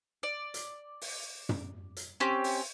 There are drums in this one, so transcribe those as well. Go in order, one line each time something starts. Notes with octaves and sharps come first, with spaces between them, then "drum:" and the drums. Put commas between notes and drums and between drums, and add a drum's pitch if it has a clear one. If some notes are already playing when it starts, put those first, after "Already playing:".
D5
drum: hi-hat
drum: open hi-hat
drum: tom
drum: hi-hat
C4 C#4 G4
drum: open hi-hat